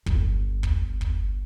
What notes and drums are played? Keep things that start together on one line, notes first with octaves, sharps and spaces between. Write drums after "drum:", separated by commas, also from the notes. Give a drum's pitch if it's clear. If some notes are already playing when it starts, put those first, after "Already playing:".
G1, drum: kick
drum: kick
drum: kick